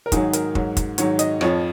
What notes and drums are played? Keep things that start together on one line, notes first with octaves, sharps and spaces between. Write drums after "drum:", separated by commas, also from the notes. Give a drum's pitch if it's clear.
A#4
G#2 D#3 F#3 G#4, drum: kick, hi-hat
A#4, drum: hi-hat
G#2 F#3, drum: kick
drum: kick, hi-hat
G#2 D#3 F#3 C#5, drum: hi-hat
D#5, drum: hi-hat
F2 F3 C#5, drum: rim click